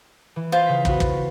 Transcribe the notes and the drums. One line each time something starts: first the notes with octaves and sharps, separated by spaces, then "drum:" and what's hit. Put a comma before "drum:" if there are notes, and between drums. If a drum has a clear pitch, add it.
E3
F4 C5
C#3 B6
B3 F#4, drum: kick
drum: kick